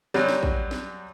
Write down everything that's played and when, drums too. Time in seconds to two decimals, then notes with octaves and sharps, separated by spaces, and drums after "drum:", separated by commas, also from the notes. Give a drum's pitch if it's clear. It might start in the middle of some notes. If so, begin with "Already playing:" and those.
0.14 F#2 F#3 G3, drum: snare
0.29 drum: snare
0.43 drum: kick
0.71 drum: snare